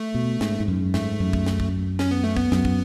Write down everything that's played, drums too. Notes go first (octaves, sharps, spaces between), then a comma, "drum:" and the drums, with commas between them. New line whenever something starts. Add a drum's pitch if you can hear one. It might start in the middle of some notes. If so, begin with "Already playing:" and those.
Already playing: A3
B2
G#2, drum: snare
G#2
F#2
G#2 A3, drum: snare
F#2
drum: kick
drum: snare
drum: kick
C#4, drum: snare
B3
A3
B3, drum: kick
F#2, drum: snare
drum: kick